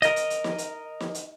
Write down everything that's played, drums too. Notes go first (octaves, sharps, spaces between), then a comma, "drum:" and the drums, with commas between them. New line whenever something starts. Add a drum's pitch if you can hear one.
A#4 D#5, drum: hi-hat
drum: hi-hat
drum: hi-hat
drum: snare
drum: hi-hat
drum: snare
drum: hi-hat